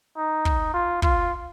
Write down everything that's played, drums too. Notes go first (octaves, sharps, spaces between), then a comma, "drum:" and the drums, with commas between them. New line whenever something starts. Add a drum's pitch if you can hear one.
D#4
drum: kick
F4
F4, drum: kick